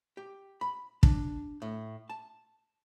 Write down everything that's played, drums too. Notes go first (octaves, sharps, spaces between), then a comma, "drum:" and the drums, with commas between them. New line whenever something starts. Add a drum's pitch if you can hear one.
G4
B5
D4, drum: kick
A2
A5